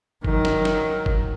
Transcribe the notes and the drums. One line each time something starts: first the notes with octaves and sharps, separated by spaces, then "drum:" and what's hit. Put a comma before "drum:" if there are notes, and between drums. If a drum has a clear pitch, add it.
D#3 F#3, drum: kick F#1
drum: snare
drum: snare
drum: kick F#1